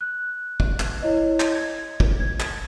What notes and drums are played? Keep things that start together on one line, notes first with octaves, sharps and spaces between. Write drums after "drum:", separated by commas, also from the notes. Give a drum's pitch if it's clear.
F#6
drum: kick
drum: clap
E4 C#5 D#5
drum: clap
G#6
drum: kick
G#6
drum: clap